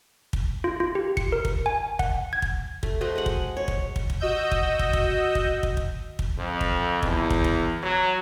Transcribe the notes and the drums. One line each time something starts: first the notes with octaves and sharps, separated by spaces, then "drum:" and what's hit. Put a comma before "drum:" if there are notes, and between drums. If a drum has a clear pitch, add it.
drum: kick
F4
F4
G4
C#7, drum: kick
A#4
drum: kick
G#5
F#5, drum: kick
G#6
drum: kick
A3, drum: kick
A3 F#4 C5 D#5
G#3 F#5
drum: kick
C#5
drum: kick
drum: kick
drum: kick
F#4 D#5 E6 G6
drum: kick
drum: kick
drum: kick
drum: kick
drum: kick
drum: kick
drum: kick
F2
drum: kick
E2, drum: kick
drum: kick
drum: kick
F#3